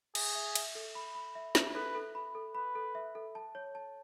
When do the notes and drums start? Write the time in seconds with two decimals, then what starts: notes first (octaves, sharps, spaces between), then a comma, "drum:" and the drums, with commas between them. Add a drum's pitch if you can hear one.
0.15 G#4 E5, drum: cymbal
0.35 E5
0.55 E5, drum: cymbal
0.75 A4
0.95 B5
1.15 B5
1.35 E5
1.55 E5, drum: snare
1.75 A4 B4
1.95 A4
2.15 B5
2.35 A4
2.55 B4 B5
2.75 A4
2.95 E5
3.15 A4
3.35 A5
3.55 C#5
3.75 A5